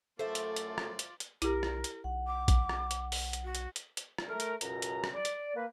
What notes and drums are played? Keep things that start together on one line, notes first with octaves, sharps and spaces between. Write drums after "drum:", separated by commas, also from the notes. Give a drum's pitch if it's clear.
F#2 A3 F4 A4 C5 D5 E5
drum: hi-hat
drum: hi-hat
drum: rim click
drum: hi-hat
drum: hi-hat
B1 E4 G4 A#4, drum: hi-hat
drum: rim click
drum: hi-hat
B1 F#5
D6
drum: kick A#1, hi-hat
drum: rim click
drum: hi-hat
drum: open hi-hat
drum: hi-hat
F#4
drum: hi-hat
drum: hi-hat
drum: hi-hat
drum: rim click
A3 A#4
drum: hi-hat
C#2 F#2 B2 A#5, drum: hi-hat
drum: hi-hat
drum: rim click
D5
drum: hi-hat
A#3 B4